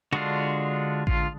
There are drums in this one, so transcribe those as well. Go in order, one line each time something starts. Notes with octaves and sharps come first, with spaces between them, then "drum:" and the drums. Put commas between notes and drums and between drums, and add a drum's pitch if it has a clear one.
D3 G#3 D4 F4 F#4
F4, drum: kick A1